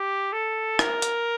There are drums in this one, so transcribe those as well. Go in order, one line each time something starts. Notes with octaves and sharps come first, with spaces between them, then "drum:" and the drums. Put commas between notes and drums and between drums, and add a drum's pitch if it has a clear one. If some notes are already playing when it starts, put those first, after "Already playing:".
Already playing: G4
A4
A#4, drum: rim click
drum: hi-hat